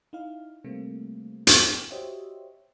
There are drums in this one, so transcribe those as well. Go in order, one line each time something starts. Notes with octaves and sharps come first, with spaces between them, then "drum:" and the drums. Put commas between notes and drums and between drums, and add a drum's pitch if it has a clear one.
D#4 E4 F5
C3 G3 A3 A#3 C4
drum: hi-hat
F#4 G4 C5 C#5 D#5 E5